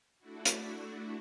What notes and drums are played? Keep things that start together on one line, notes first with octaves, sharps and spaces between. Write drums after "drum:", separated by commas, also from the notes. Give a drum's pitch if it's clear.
A3 D4 E4 F#4
drum: hi-hat